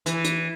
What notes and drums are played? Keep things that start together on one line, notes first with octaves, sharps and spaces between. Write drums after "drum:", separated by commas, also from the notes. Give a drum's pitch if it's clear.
E3, drum: hi-hat
drum: hi-hat